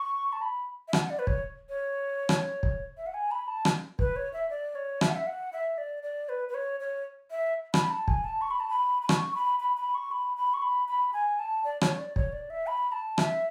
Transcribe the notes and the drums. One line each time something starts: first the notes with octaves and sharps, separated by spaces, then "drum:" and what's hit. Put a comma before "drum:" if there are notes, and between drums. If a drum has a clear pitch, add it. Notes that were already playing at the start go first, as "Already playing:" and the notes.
Already playing: C#6
A5
B5
E5
F#5, drum: rim click
D5
B4
C#5, drum: kick
C#5
drum: rim click
drum: kick
E5
F#5
G#5
B5
A5
drum: rim click
B4, drum: kick
C#5
E5
D5
C#5
E5, drum: rim click
F#5
E5
F#5
E5
D5
D5
B4
B4
C#5
C#5
E5
B5, drum: rim click
A5
G#5, drum: kick
A5
C#6
B5
A5
B5
B5
C#6, drum: rim click
B5
B5
B5
C#6
B5
B5
C#6
B5
B5
G#5
A5
D5
C#5, drum: rim click
D5
C#5, drum: kick
D5
E5
B5
A5
E5, drum: rim click